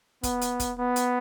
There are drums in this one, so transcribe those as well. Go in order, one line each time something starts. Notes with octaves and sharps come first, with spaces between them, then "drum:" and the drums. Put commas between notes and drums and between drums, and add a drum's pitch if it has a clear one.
B3, drum: kick, hi-hat
drum: hi-hat
drum: kick, hi-hat
B3
drum: hi-hat